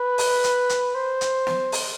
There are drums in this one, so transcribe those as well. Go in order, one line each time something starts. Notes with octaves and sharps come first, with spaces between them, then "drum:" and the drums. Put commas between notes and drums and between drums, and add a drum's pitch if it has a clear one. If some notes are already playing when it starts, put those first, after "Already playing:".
Already playing: B4
drum: open hi-hat
drum: hi-hat
drum: hi-hat
C5
drum: hi-hat
drum: snare
drum: open hi-hat